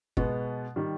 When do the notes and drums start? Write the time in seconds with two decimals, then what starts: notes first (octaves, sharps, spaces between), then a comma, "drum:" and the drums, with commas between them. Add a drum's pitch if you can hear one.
0.17 B2 G#3 B3, drum: kick
0.76 D#3 G3